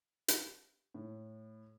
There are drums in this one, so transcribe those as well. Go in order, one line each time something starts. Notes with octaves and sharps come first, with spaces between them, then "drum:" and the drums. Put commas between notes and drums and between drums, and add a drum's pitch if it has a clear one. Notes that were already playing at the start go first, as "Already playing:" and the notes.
drum: hi-hat
A2